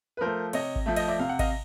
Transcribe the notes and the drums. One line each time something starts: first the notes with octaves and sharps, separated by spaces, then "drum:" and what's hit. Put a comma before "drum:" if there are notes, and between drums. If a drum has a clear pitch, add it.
B4
F3 A3 A#4 C5
C3 C#5 D#5, drum: cymbal
drum: kick G#1
F3 A3 E5
D#5, drum: cymbal
D5 E5
C3 F5
F#5
D#5 F5, drum: kick G#1, cymbal